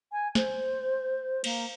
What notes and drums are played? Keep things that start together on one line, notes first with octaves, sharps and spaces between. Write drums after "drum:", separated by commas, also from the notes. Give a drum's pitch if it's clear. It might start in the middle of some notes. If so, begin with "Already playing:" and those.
G#5
C5, drum: snare
A#3, drum: cymbal